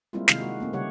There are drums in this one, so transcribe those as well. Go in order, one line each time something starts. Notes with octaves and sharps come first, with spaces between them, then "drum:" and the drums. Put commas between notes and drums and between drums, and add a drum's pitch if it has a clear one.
G3 G#3 A#3 C4 E4 F4
C3 D#3 G#3 D#4 E4 F5, drum: snare
G#3 F#4
A3 A#3 C4
C#3 G3 G4 C#5 F#5